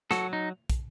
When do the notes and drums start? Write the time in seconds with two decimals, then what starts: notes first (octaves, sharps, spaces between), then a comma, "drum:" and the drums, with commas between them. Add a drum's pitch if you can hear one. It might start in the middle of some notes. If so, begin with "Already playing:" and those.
0.11 F#3 F#4 A4, drum: snare
0.33 D#4
0.70 drum: kick, hi-hat